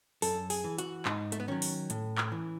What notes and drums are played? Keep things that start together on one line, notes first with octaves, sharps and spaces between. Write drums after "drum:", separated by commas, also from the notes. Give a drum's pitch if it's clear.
F#2 A4, drum: open hi-hat
G#4, drum: open hi-hat
E3
F#4, drum: hi-hat
G#2 D#4, drum: clap
A3, drum: hi-hat
B3
D#3 F#3 C#4
drum: open hi-hat
A2, drum: hi-hat
drum: clap
E3